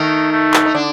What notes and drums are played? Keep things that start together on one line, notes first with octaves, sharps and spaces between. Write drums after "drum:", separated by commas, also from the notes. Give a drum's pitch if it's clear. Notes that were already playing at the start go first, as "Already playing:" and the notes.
Already playing: D#3 A3 D#4
A3
drum: clap
D#4
D3 D4